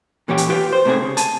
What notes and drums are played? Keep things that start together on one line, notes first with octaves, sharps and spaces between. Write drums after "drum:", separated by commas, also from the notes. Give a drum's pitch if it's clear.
A#2 E3 C#4 G4 D5 G5
drum: hi-hat
F4 G4 B4 F5 G5
C5
G#2 C3 A3 C4 G#4
C#3
G#5 A5, drum: hi-hat